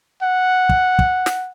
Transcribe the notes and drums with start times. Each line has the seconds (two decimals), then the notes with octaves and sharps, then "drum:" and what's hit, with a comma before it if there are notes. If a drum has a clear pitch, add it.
0.22 F#5
0.69 drum: kick
0.99 drum: kick
1.26 drum: snare